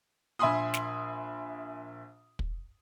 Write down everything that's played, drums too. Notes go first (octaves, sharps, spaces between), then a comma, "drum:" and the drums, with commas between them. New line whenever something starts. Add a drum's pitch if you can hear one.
A#1 E5 G#5 B5 C6 D#6
drum: snare
drum: kick